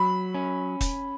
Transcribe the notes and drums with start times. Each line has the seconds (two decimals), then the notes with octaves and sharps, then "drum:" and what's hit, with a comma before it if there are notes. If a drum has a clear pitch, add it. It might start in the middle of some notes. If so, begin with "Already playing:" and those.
Already playing: F#3 B5
0.35 C#4
0.81 drum: kick, hi-hat